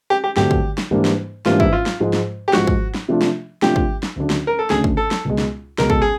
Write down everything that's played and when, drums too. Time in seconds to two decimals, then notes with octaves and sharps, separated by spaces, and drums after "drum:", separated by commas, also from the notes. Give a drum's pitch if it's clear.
0.10 G4
0.24 G4
0.37 G2 D3 F#3 A3 C4 G4, drum: snare
0.51 drum: kick
0.78 drum: snare
0.91 G#2 E3 G3 A#3 D4
1.05 drum: snare
1.46 G#2 E3 G3 A#3 D4 F4, drum: snare
1.60 E4, drum: kick
1.73 F4
1.86 drum: snare
2.00 G#2 F3 G#3
2.13 drum: snare
2.48 G4
2.53 G#2 F3 G#3 F#4, drum: snare
2.67 drum: kick
2.95 drum: snare
3.08 C3 F3 A3 D4 F4
3.22 drum: snare
3.62 C3 F3 A3 D4 F4 G4, drum: snare
3.76 drum: kick
4.03 drum: snare
4.16 D2 C#3 F#3 A3 D4
4.30 drum: snare
4.47 A#4
4.59 A4
4.70 D2 C#3 F#3 A3 D4 G#4, drum: snare
4.84 drum: kick
4.97 A4
5.11 drum: snare
5.25 C#2 B2 G#3
5.38 drum: snare
5.78 C#2 B2 G#3 A#4, drum: snare
5.90 A4, drum: kick
6.02 G#4